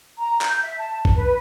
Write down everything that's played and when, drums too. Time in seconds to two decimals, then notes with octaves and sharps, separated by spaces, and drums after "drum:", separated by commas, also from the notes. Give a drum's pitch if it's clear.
0.18 A#5
0.41 G6, drum: clap
0.63 E5
0.79 A5
1.05 drum: kick
1.14 B4